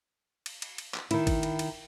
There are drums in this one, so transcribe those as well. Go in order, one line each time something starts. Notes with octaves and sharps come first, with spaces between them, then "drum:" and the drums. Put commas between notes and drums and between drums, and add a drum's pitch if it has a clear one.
drum: cymbal
drum: cymbal
drum: cymbal
drum: clap
D#3 E4, drum: cymbal
drum: kick, cymbal
drum: cymbal
drum: cymbal